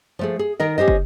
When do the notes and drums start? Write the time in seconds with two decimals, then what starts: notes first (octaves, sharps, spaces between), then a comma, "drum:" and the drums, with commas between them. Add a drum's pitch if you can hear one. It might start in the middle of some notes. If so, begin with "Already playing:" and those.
0.19 F3 A3 G#4
0.39 G#4
0.60 D#3 A#4 D#5
0.78 C#4 G4 C5 D#5
0.88 drum: kick